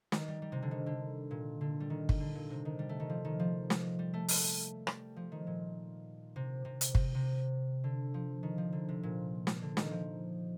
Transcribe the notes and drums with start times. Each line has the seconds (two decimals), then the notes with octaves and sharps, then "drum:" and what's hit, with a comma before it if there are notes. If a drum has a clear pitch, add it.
0.12 D#3, drum: snare
0.28 G3
0.42 G3
0.52 C3
0.62 D3
0.71 D#3
0.86 D3
1.31 A#2
1.61 D3
1.80 G3
1.90 D#3
2.09 drum: kick
2.20 D3
2.35 A#2
2.50 C3
2.65 D#3
2.79 G3
2.89 A3
3.00 D#3
3.10 F3
3.25 D#3
3.39 F3
3.70 drum: snare
3.99 G3
4.14 A3
4.28 A3, drum: open hi-hat
4.87 G3, drum: rim click
5.16 F3
5.32 D#3
5.47 A#2
6.36 C3
6.65 C3
6.81 drum: hi-hat
6.95 C3, drum: kick
7.15 C3
7.84 D3
8.14 F3
8.43 D#3
8.58 F3
8.73 D3
8.89 C3
9.03 A#2
9.47 drum: snare
9.62 D3
9.77 D#3, drum: snare
9.91 F3